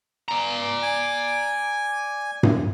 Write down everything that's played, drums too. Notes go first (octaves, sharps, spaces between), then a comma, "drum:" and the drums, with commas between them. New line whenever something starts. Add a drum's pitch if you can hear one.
D5 A#5
G#5
drum: tom G2